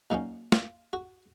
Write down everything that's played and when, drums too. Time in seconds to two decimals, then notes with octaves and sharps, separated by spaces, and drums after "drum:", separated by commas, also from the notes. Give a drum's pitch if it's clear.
0.10 A#2 F#3 A#3 C#4 D#4
0.52 F4, drum: snare
0.93 F#4